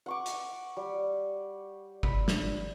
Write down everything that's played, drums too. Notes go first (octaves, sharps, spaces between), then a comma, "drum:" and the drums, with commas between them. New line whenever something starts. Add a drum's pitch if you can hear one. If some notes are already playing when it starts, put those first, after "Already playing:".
F#5 C#6 D6
drum: hi-hat
G3
B5, drum: kick G1
drum: snare